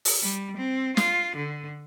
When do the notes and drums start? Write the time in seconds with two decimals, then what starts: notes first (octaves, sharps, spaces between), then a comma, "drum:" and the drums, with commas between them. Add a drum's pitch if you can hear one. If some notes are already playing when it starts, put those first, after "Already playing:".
0.05 drum: open hi-hat
0.22 G3
0.57 C4
0.97 F4, drum: snare
1.36 D3